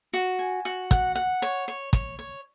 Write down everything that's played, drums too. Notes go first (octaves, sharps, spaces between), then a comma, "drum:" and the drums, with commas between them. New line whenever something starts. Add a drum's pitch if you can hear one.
F#4
G#5
F#4
F#5, drum: kick, hi-hat
F#5
C#5, drum: hi-hat
C#5
C#5, drum: kick, hi-hat
C#5